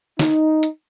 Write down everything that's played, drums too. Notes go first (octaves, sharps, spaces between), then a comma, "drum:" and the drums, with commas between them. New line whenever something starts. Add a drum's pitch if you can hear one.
D#4, drum: snare
drum: hi-hat